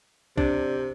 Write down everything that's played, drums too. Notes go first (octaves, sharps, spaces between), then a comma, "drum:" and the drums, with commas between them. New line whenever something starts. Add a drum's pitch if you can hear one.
C3 D4, drum: kick